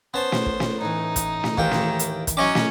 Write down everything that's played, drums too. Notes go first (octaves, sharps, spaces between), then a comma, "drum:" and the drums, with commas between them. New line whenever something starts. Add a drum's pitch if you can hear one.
B3 C#4 C5 A5
drum: snare
drum: kick
drum: snare
A2 E3 D#4
drum: kick, hi-hat
drum: snare
D#2 D#3 E3 A#3 G5 C6, drum: kick
drum: snare
drum: hi-hat
drum: kick, hi-hat
F#3 C#4 D#5 D6
drum: snare